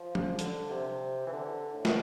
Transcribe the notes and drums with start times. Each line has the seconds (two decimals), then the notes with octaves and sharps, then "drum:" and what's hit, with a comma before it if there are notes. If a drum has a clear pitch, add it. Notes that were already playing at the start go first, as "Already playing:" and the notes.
Already playing: F3
0.15 drum: tom
0.39 D3, drum: hi-hat
0.70 C3
1.26 E3
1.33 D3
1.74 A2
1.85 B2, drum: snare